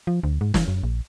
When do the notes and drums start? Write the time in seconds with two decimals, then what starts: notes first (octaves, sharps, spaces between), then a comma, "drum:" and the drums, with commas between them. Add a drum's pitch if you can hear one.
0.07 F3
0.23 D2
0.41 G#2
0.54 E3, drum: snare
0.68 F#2
0.83 A#1